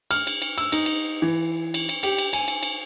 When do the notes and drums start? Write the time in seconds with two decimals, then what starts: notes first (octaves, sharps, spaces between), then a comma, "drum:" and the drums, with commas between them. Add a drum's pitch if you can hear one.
0.11 F6, drum: cymbal
0.27 drum: cymbal
0.42 drum: cymbal
0.58 E6, drum: cymbal
0.72 D#4, drum: cymbal
0.86 drum: cymbal
1.22 E3
1.74 drum: cymbal
1.89 drum: cymbal
2.03 G4, drum: cymbal
2.18 drum: cymbal
2.33 G#5, drum: cymbal
2.48 drum: cymbal
2.63 drum: cymbal